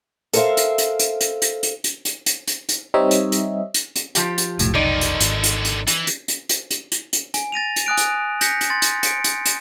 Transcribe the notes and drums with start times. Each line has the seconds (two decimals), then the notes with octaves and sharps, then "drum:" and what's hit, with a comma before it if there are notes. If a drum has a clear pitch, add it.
0.33 A4 A#4 C5 C#5 E5 F5, drum: hi-hat
0.57 drum: hi-hat
0.78 drum: hi-hat
0.99 drum: hi-hat
1.21 drum: hi-hat
1.42 drum: hi-hat
1.63 drum: hi-hat
1.84 drum: hi-hat
2.05 drum: hi-hat
2.26 drum: hi-hat
2.48 drum: hi-hat
2.69 drum: hi-hat
2.94 G3 C4 D#4 C#5 D#5 E5
3.11 drum: hi-hat
3.32 drum: hi-hat
3.74 drum: hi-hat
3.96 drum: hi-hat
4.15 F3 G4, drum: hi-hat
4.38 drum: hi-hat
4.59 F1 B1 A2, drum: hi-hat
4.75 D3 D#3 D#4 D5
5.01 drum: hi-hat
5.20 G#1, drum: hi-hat
5.44 drum: hi-hat
5.65 drum: hi-hat
5.87 E3, drum: hi-hat
6.07 drum: hi-hat
6.28 drum: hi-hat
6.49 drum: hi-hat
6.71 drum: hi-hat
6.92 drum: hi-hat
7.13 drum: hi-hat
7.34 G#5, drum: hi-hat
7.52 A6 A#6 D#7 F7
7.76 drum: hi-hat
7.86 G#5 D#6 F#6 D7
7.97 drum: hi-hat
8.41 G6 A#6 B6 C#7, drum: hi-hat
8.61 drum: hi-hat
8.70 C6 A6
8.82 drum: hi-hat
9.03 C#7 D7, drum: hi-hat
9.24 drum: hi-hat
9.45 drum: hi-hat